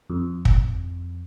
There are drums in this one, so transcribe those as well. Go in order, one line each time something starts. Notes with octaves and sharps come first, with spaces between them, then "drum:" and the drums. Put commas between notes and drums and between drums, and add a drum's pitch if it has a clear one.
F2
drum: kick